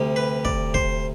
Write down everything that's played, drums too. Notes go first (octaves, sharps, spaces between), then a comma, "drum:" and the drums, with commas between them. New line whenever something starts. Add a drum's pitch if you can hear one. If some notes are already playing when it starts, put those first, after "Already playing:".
Already playing: D2 C3 G3
B4
D5, drum: kick
C5, drum: kick